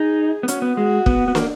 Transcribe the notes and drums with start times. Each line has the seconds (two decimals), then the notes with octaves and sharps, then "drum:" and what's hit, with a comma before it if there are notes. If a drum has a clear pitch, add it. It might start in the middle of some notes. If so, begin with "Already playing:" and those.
Already playing: D#4 G#4
0.43 B3
0.48 C#4 F#4, drum: hi-hat
0.62 B3
0.77 G#3 F#4
1.06 B3, drum: kick
1.28 B3
1.35 A#3, drum: snare